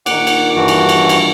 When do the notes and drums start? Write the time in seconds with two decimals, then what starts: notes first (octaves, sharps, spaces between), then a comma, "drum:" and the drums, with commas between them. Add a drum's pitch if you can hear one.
0.06 A#2 D#3 F#5 D6, drum: cymbal
0.27 drum: cymbal
0.56 G2 E3 F#4
0.68 drum: cymbal
0.89 drum: cymbal
1.09 drum: cymbal